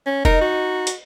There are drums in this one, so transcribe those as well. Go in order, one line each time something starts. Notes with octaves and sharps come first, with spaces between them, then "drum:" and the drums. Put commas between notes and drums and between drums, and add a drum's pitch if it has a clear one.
C#4
D#4 A#4, drum: kick F1
F#4
drum: hi-hat